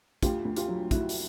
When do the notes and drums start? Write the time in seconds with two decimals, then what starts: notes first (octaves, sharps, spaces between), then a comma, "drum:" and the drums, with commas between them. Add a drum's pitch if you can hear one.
0.23 D2 F4 G4, drum: kick, hi-hat
0.45 D2
0.56 F4 G4, drum: hi-hat
0.68 F#3
0.91 D2 E4 F#4, drum: kick, hi-hat
1.09 drum: open hi-hat